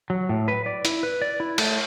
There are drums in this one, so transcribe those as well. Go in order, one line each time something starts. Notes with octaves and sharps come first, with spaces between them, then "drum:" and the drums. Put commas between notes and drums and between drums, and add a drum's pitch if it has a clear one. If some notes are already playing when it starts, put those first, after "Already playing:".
F#3
A2
B4
D5
E4, drum: hi-hat
B4
D5
E4
A3, drum: cymbal